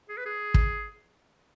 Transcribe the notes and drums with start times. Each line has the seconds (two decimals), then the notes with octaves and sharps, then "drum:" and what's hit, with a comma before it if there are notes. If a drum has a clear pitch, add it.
0.09 G#4
0.17 B4
0.26 G#4
0.54 drum: kick